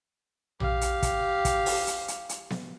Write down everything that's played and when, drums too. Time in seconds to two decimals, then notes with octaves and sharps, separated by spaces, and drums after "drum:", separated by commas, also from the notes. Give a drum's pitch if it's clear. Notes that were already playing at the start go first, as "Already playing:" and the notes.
0.60 G4 F5, drum: tom A#1
0.81 drum: hi-hat
1.03 drum: kick, hi-hat
1.45 drum: kick, hi-hat
1.66 drum: open hi-hat
1.87 drum: hi-hat
2.08 drum: hi-hat
2.29 drum: hi-hat
2.50 drum: snare B3